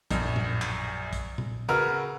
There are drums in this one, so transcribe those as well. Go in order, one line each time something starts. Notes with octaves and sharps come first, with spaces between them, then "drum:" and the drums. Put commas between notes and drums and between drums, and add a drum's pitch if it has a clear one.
A#1 F#2, drum: kick, hi-hat
drum: tom A2
drum: clap
drum: kick, hi-hat
drum: tom A#2
C#3 F#4 A#4 B4 E6 F6